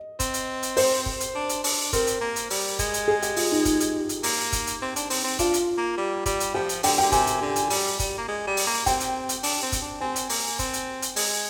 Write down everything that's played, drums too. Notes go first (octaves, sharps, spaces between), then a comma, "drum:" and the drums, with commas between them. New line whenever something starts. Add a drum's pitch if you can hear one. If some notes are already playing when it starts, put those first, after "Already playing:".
Already playing: D#5
C4, drum: kick, hi-hat
drum: hi-hat
drum: hi-hat
C5, drum: open hi-hat
drum: kick
drum: hi-hat
D4
drum: hi-hat
D4, drum: open hi-hat
C4 A#4, drum: kick, hi-hat
drum: hi-hat
A#3
drum: hi-hat
G3, drum: open hi-hat
G#3, drum: kick, hi-hat
drum: hi-hat
G#4
G4, drum: hi-hat
F4, drum: open hi-hat
D#4
D#4, drum: kick, hi-hat
drum: hi-hat
drum: hi-hat
A#3, drum: open hi-hat
drum: kick, hi-hat
drum: hi-hat
C4
D4, drum: hi-hat
C4, drum: open hi-hat
C4
D4 F4, drum: kick, hi-hat
drum: hi-hat
A#3
G3
G3, drum: kick, hi-hat
drum: hi-hat
F3 G4
drum: hi-hat
D3 G5, drum: open hi-hat
G5
D3
C3 G#5, drum: kick, hi-hat
drum: hi-hat
D3
drum: hi-hat
G3, drum: open hi-hat
G3, drum: kick, hi-hat
A#3
G#3
G3
drum: open hi-hat
A#3
C4 G5, drum: kick, hi-hat
drum: hi-hat
drum: hi-hat
D4, drum: open hi-hat
C4
drum: kick, hi-hat
D4
C4 G#5
drum: hi-hat
A#3, drum: open hi-hat
C4, drum: kick, hi-hat
drum: hi-hat
drum: hi-hat
G#3, drum: open hi-hat